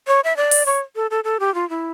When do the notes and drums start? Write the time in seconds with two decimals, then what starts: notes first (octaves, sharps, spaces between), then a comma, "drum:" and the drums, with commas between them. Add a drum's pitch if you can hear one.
0.07 C#5
0.24 E5
0.37 D5
0.51 drum: open hi-hat
0.66 C#5
0.96 A4
1.11 A4
1.24 A4
1.40 G4
1.54 F4
1.70 E4